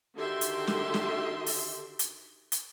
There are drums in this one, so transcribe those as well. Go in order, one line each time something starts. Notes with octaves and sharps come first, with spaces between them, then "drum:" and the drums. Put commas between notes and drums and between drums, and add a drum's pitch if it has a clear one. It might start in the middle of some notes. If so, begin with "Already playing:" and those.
D3 D#3 F#4 G4 E5 C6
drum: hi-hat
drum: snare
drum: snare
drum: open hi-hat
drum: hi-hat
drum: hi-hat